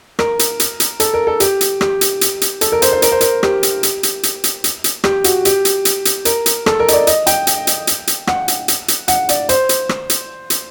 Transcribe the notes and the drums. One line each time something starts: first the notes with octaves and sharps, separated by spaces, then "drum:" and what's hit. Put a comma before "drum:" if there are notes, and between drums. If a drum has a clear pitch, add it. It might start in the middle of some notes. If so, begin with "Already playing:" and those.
A#4, drum: rim click
drum: hi-hat
drum: hi-hat
drum: hi-hat
A4, drum: hi-hat
A#4
A4
G4, drum: hi-hat
drum: hi-hat
G4, drum: rim click
drum: hi-hat
drum: hi-hat
drum: hi-hat
A4, drum: hi-hat
A#4
C5, drum: hi-hat
C5
A#4, drum: hi-hat
C5
A#4, drum: hi-hat
G4, drum: rim click
drum: hi-hat
drum: hi-hat
drum: hi-hat
drum: hi-hat
drum: hi-hat
drum: hi-hat
drum: hi-hat
G4, drum: rim click
F#4, drum: hi-hat
G4, drum: hi-hat
drum: hi-hat
drum: hi-hat
drum: hi-hat
A#4, drum: hi-hat
drum: hi-hat
A4, drum: rim click
A#4
D#5, drum: hi-hat
D5
D#5, drum: hi-hat
G5, drum: hi-hat
drum: hi-hat
drum: hi-hat
drum: hi-hat
drum: hi-hat
F#5, drum: rim click
drum: hi-hat
drum: hi-hat
drum: hi-hat
F#5, drum: hi-hat
D5, drum: hi-hat
C5, drum: hi-hat
drum: hi-hat
drum: rim click
drum: hi-hat
drum: hi-hat